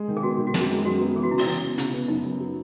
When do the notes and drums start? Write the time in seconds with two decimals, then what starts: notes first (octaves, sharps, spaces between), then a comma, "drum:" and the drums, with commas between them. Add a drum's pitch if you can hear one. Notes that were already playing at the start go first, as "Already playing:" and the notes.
Already playing: G#3
0.08 D#3
0.17 G#4
0.23 B3 F#4
0.38 D#3
0.47 F#4
0.54 F#2 G#4, drum: snare
0.69 G#3
0.85 F#2 F#4
1.00 B3
1.15 E3 G#4
1.23 F#4
1.31 C#3 E4
1.38 F#4, drum: open hi-hat
1.46 E3 E4
1.63 B3
1.78 C#3 E4, drum: hi-hat
1.94 B3
2.08 F#2 D#4
2.24 F#2
2.40 F#3